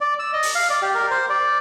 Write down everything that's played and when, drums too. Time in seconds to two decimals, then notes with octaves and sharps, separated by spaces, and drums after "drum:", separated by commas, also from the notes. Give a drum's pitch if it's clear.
0.01 D5
0.19 E6
0.33 D#5
0.43 drum: open hi-hat
0.55 F5
0.70 D5
0.82 G4
0.95 A#4
1.11 C5
1.29 D5